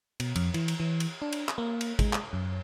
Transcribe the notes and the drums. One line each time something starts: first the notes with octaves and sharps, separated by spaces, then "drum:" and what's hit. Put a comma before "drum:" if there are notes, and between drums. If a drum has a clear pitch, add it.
B2, drum: cymbal
F2, drum: cymbal
E3, drum: cymbal
drum: cymbal
E3
drum: cymbal
D4
drum: cymbal
drum: clap
A#3
drum: cymbal
G#3, drum: kick G#1, cymbal
drum: clap
F#2